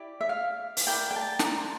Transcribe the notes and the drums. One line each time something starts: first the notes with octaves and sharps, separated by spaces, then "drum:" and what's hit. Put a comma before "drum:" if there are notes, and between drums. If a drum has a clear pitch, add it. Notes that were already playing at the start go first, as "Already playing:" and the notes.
Already playing: E4 G4 D5
E5
F5
drum: open hi-hat
E4 A#4 D5 G5
G5
A5
A5, drum: snare
A#5
C6